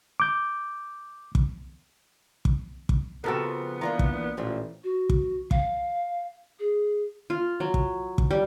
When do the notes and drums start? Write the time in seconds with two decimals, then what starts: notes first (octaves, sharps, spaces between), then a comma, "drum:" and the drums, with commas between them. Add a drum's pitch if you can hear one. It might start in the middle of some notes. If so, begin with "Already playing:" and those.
0.20 D6 G6
1.35 drum: kick
2.45 drum: kick
2.89 drum: kick
3.24 C#3 F3 B3 C4 F#4 A4 A#4
3.81 E3 A#3 D4 F4 A#5
3.99 drum: kick
4.37 A1 A#2 F3 C4 D4
4.84 F#4
5.10 drum: kick
5.51 F5, drum: kick
6.59 G#4
7.30 F4
7.60 F#3
7.74 drum: kick
8.18 drum: kick
8.31 G3